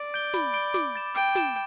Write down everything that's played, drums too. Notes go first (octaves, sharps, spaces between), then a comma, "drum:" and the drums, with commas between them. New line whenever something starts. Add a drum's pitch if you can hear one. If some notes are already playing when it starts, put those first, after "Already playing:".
Already playing: D5
G6 D7 G7
B5, drum: snare
G6 D7 G7
D6, drum: snare
A6 E7
G5 D6, drum: hi-hat
A6 E7, drum: snare